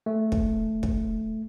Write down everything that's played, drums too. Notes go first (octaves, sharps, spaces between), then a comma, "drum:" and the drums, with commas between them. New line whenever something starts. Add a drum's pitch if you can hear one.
A3
drum: kick
drum: kick